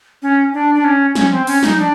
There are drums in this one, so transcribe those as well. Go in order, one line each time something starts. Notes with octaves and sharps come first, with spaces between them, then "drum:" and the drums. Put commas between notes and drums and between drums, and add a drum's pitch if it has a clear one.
C#4
D4
D4
C#4
C#4, drum: snare
C4
C#4, drum: open hi-hat
D#4, drum: snare
D4